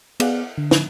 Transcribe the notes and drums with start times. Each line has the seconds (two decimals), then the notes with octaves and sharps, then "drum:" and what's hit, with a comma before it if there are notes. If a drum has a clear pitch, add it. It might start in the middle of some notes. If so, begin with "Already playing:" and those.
0.20 B3 G#4 D5 F5 F#5, drum: cymbal
0.58 D3
0.71 drum: snare